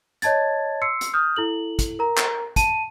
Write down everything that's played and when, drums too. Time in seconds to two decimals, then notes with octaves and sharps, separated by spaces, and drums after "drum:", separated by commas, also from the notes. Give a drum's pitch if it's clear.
0.22 C#5 D#5 A5 G#6 A6, drum: hi-hat
0.82 C6 E6 C7 C#7
1.01 drum: hi-hat
1.14 D#6 F6 G6
1.36 E4 A4 F#7
1.79 drum: kick, hi-hat
1.99 A#4 A#5
2.18 drum: clap
2.56 A5 D#7, drum: kick, hi-hat